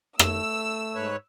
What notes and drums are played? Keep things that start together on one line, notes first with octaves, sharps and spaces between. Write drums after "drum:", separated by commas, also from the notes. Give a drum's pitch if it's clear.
A3 E6, drum: rim click
G#2 B4 C#5